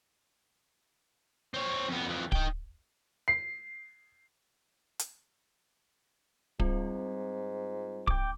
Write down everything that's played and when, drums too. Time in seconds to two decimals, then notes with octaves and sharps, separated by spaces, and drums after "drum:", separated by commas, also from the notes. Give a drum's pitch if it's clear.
1.54 C4 C#5
1.89 F2 B3
2.06 F2 E3
2.32 D#4 G5, drum: kick D1
3.28 C7
4.99 drum: hi-hat
6.60 G#2 G3 C4 F4, drum: kick D1
8.07 G5 D6, drum: kick D1